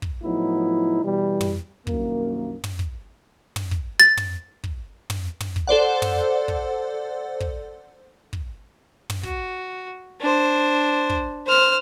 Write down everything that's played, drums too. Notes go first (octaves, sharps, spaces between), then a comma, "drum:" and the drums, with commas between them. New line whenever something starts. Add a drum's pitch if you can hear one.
drum: kick
A2 F3 F#3 B3 D#4 E4
B2 E3 G3
drum: tom
C2 F#2 D#3 A#3, drum: kick
drum: tom
drum: kick
drum: tom
drum: kick
A6
drum: tom
drum: kick
drum: tom
drum: tom
drum: kick
A4 C5 D5 F#5
drum: tom
drum: kick
drum: kick
drum: kick
drum: tom
F#4, drum: kick
D4 C5
drum: kick
C5 F6